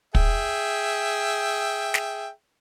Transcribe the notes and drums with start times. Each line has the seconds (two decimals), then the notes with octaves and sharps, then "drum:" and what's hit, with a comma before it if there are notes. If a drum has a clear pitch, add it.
0.15 G#4 E5 G5, drum: kick
1.94 drum: snare